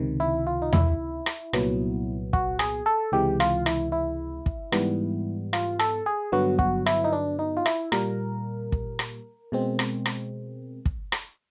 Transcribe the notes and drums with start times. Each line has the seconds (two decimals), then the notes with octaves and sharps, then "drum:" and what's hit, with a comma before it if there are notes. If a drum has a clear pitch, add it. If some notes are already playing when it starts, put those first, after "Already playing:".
Already playing: C#2 C3 D#3
0.20 E4
0.47 F4
0.62 D#4
0.73 E4, drum: tom E2
1.26 drum: rim click
1.53 C2 A#2 F#3 B3, drum: rim click
2.33 F#4, drum: kick
2.59 G#4, drum: rim click
2.86 A4
3.12 C#2 C3 E3 G#3 G4
3.40 F4, drum: rim click
3.66 E4, drum: rim click
3.92 E4
4.46 drum: kick
4.72 G#2 E3 G3 B3, drum: rim click
5.53 F4, drum: rim click
5.79 A4, drum: rim click
6.06 G#4
6.32 G2 D3 F#3 B3 F#4
6.59 F#4, drum: kick
6.86 E4, drum: rim click
7.04 D#4
7.13 D4
7.39 D#4
7.57 F4
7.66 E4, drum: rim click
7.92 A#2 G3 A#3 A#4, drum: rim click
8.72 drum: kick
8.99 drum: rim click
9.52 B2 G#3 C4
9.79 drum: rim click
10.06 drum: rim click
10.85 drum: kick
11.12 drum: rim click